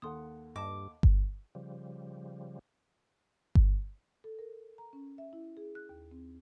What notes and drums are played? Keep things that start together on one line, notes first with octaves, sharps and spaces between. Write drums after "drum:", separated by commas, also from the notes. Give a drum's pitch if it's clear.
D#2 A4 F#5 C6 D#6
G2 D#5 A5 D6
drum: kick G1
C#3 F3 G3
drum: kick G1
A4
A#4
A#5
C#4
E5
E4
G#4
F#6
D#2
C4